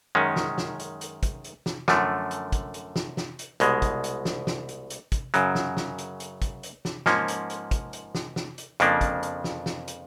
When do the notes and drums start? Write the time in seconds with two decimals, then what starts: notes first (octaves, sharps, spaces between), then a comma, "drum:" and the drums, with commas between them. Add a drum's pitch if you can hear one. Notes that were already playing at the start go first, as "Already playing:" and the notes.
0.15 F#2 D#3 G#3 C#4
0.36 drum: snare
0.58 drum: snare
0.79 drum: hi-hat
1.01 drum: hi-hat
1.23 drum: kick, hi-hat
1.44 drum: hi-hat
1.66 drum: snare
1.88 F#2 D3 F3 A3, drum: snare
2.31 drum: hi-hat
2.52 drum: kick, hi-hat
2.74 drum: hi-hat
2.96 drum: snare
3.17 drum: snare
3.39 drum: hi-hat
3.60 C2 B2 G#3, drum: hi-hat
3.82 drum: kick, hi-hat
4.04 drum: hi-hat
4.25 drum: snare
4.47 drum: snare
4.69 drum: hi-hat
4.90 drum: hi-hat
5.12 drum: kick, hi-hat
5.34 F#2 C#3 F#3, drum: hi-hat
5.55 drum: snare
5.77 drum: snare
5.98 drum: hi-hat
6.20 drum: hi-hat
6.42 drum: kick, hi-hat
6.63 drum: hi-hat
6.85 drum: snare
7.06 G#2 F3 A#3 C#4, drum: snare
7.28 drum: hi-hat
7.50 drum: hi-hat
7.71 drum: kick, hi-hat
7.93 drum: hi-hat
8.15 drum: snare
8.36 drum: snare
8.58 drum: hi-hat
8.80 F2 C#3 F3 A#3 D4, drum: hi-hat
9.01 drum: kick, hi-hat
9.23 drum: hi-hat
9.44 drum: snare
9.66 drum: snare
9.88 drum: hi-hat